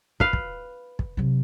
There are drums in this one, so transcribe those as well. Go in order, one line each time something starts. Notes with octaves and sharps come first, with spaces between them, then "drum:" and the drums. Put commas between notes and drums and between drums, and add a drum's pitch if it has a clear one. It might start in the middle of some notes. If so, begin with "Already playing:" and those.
B4 F5, drum: kick
drum: kick
drum: kick
C3 F#3